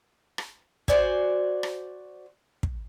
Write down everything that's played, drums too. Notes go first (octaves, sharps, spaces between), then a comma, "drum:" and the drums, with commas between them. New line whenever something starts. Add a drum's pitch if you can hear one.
drum: rim click
F#4 C5 D5 G#5, drum: kick
drum: rim click
drum: kick